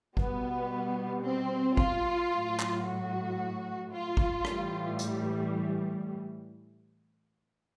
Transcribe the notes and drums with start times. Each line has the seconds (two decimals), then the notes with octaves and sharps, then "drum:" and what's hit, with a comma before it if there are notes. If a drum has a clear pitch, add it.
0.17 B2 G3 B3, drum: kick G#1
1.23 C4
1.77 F4, drum: kick G#1
2.30 A2 F#3
2.60 drum: clap
2.84 F#4
3.91 F4
4.17 drum: kick G#1
4.45 A2 E3 G3, drum: rim click
4.99 drum: hi-hat